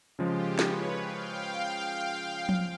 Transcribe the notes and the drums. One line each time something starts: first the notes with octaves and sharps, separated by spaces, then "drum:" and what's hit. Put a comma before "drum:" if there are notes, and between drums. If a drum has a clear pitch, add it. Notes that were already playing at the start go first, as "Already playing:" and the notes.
C#3 F3 G#3 F4 G4
B4 C#5, drum: snare
F5 G5
drum: tom F3